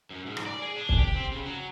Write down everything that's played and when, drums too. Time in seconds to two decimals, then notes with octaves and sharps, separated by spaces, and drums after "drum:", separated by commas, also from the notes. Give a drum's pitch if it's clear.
0.10 F#2
0.26 G#2
0.37 drum: rim click
0.46 D5
0.62 G#4
0.76 D4
0.89 drum: kick
0.98 G4
1.15 C4
1.31 C#3
1.46 F#3